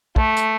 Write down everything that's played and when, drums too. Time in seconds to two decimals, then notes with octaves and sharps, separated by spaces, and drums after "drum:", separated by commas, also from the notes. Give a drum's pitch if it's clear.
0.16 A3, drum: kick
0.37 drum: hi-hat